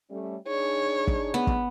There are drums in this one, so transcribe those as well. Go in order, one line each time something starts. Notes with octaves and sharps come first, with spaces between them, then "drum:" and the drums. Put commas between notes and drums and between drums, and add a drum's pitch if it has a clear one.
G3 A3 C#4
D4 D#4 G#4 C#5
drum: kick
B3
drum: kick